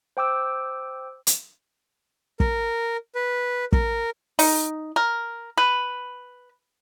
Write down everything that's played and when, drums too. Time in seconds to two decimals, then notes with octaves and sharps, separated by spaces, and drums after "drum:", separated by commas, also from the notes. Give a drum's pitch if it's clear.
0.17 C5 G5 D6 E6
1.27 drum: hi-hat
2.40 A#4, drum: kick
3.15 B4
3.72 A#4, drum: kick
4.39 D#4, drum: open hi-hat
4.96 A#4
5.58 B4